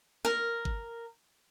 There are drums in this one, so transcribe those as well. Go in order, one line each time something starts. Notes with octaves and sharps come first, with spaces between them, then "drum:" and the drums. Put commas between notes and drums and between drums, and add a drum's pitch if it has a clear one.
A#4, drum: snare
drum: kick G1